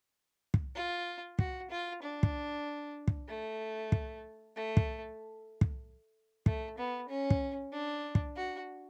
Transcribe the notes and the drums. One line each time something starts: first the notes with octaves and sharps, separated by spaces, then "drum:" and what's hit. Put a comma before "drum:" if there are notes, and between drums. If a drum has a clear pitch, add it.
drum: kick
F4
F#4, drum: kick
F4
D4
drum: kick
drum: kick
A3
drum: kick
A3
drum: kick
drum: kick
A3, drum: kick
B3
C#4
drum: kick
D4
drum: kick
F#4